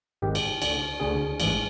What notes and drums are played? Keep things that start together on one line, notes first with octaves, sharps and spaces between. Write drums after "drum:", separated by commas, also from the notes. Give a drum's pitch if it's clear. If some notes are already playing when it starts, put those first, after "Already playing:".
G#1 G#2 D#3 G4
drum: cymbal
D2 D3, drum: cymbal
D2 D3 G#4
A1 G#2 E3, drum: cymbal